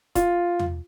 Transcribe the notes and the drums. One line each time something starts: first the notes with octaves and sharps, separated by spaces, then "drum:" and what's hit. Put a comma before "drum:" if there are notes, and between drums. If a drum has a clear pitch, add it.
F4, drum: kick, hi-hat
drum: tom